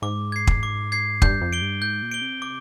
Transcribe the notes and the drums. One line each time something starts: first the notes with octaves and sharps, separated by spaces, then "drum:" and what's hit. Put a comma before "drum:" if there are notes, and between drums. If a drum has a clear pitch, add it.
G#2 D6
G#6 C7
drum: kick
D6
G#6 C7
G2 G6, drum: kick
F2
D7 G7
G2
G#2 G6
A#2
D7 G7
C3
D6